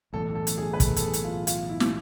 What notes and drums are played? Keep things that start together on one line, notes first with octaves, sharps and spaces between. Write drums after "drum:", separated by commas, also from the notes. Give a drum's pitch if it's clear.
B1 A2 E3 A3 A4
A4
drum: hi-hat
G#4
B4
A4, drum: kick, hi-hat
A4, drum: hi-hat
G#4
drum: hi-hat
F4
F4, drum: hi-hat
E4
drum: snare